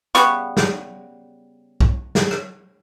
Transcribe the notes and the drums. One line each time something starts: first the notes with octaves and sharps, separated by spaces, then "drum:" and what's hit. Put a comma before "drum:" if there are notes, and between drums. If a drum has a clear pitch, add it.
C#3 G3 B3 C#6, drum: hi-hat
drum: snare
drum: kick B1
drum: snare
drum: rim click